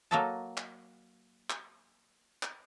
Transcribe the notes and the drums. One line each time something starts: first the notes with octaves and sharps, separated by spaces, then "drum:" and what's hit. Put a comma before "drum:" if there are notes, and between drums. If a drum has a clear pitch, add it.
F#3 A#3 F#4 A4 D#5 A5
drum: clap
drum: clap
drum: clap